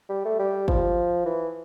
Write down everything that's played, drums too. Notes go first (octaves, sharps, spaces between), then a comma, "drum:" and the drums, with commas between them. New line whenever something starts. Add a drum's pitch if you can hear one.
G3
A3
G3
F3, drum: kick
E3